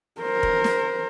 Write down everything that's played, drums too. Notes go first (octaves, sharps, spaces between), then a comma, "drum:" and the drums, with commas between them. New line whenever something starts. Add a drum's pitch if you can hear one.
A#4 C5
drum: kick
drum: snare